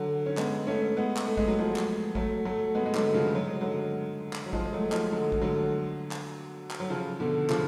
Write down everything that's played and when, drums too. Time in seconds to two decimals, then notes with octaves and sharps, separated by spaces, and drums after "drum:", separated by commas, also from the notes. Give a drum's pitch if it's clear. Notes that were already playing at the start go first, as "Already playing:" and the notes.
Already playing: D3 F#3
0.26 C#4
0.37 G#3 B3, drum: clap
0.67 A3 C#4
0.97 G#3 B3
1.17 drum: clap
1.27 A3
1.37 G#3, drum: kick
1.48 F#3
1.59 F3 G#3
1.76 drum: clap
2.15 F#3 A3, drum: kick
2.45 F#3 A3
2.75 G#3 B3
2.86 G#3
2.95 D3 F#3, drum: clap
3.14 C#3 F3
3.35 F#3
3.48 G#3
3.61 D3 F#3
4.33 drum: clap
4.46 F#3
4.53 F3 G#3, drum: kick
4.66 G#3
4.73 F#3 A3
4.92 F3 G#3, drum: clap
5.12 D3 F#3
5.32 drum: kick
5.42 D3 F#3
6.11 drum: clap
6.71 drum: clap
6.80 F#3
6.90 C#3 F3
7.20 B2 D3
7.50 C#3 F3, drum: clap